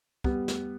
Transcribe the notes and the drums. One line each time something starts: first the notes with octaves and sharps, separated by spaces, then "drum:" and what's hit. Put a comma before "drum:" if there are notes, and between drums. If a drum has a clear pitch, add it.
G3 B3, drum: kick
drum: snare